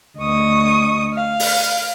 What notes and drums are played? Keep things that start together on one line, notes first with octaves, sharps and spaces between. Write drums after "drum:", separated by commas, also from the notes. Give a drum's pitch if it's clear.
D2 D#5 C#6 D#6
F5
drum: open hi-hat